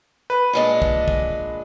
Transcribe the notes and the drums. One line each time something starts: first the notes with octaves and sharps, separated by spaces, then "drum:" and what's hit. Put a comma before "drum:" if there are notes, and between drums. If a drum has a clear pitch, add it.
B4
A#2 G#3 D4
drum: kick
drum: kick